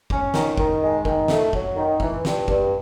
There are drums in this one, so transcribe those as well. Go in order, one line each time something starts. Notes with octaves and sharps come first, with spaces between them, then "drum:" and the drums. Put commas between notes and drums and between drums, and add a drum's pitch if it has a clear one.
C#4, drum: kick F#1
D#3, drum: snare
D#3, drum: kick F#1
G#3
D#3, drum: kick F#1
A3, drum: snare
F#3, drum: kick F#1
D#3
E3, drum: kick F#1
G2, drum: snare
G2, drum: kick F#1